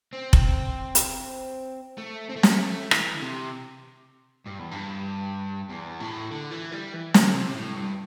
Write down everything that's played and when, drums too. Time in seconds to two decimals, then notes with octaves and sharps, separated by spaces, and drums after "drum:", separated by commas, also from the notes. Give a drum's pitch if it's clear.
0.13 C4
0.33 drum: kick F1
0.95 drum: hi-hat
1.98 A3
2.29 C4
2.36 A3
2.43 G3, drum: snare
2.50 A3
2.61 A3
2.91 E3, drum: rim click
3.14 D3
3.22 C3
4.46 G2
4.59 E2
4.71 G2
5.70 E2
6.00 A2
6.31 D3
6.52 E3
6.72 G3
6.94 E3
7.14 D3, drum: snare
7.34 C3
7.55 A2
7.75 G2